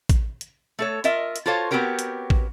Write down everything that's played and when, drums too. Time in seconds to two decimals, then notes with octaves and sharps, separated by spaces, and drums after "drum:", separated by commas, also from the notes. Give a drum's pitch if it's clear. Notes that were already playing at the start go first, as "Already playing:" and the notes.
0.09 drum: kick, hi-hat
0.41 drum: hi-hat
0.79 A3 A4 C#5
1.04 F4 A#4 D#5 E5, drum: hi-hat
1.36 drum: hi-hat
1.46 F4 F#4 A4 C5 C#5 F5
1.71 B3 C4 F#4 G4 A#4 C#5
1.99 drum: hi-hat
2.30 drum: kick